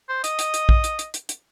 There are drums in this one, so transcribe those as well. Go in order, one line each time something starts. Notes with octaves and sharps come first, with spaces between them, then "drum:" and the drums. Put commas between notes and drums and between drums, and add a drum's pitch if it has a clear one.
C5
D#5, drum: hi-hat
drum: hi-hat
drum: hi-hat
drum: kick A#1
drum: hi-hat
drum: hi-hat
drum: hi-hat
drum: hi-hat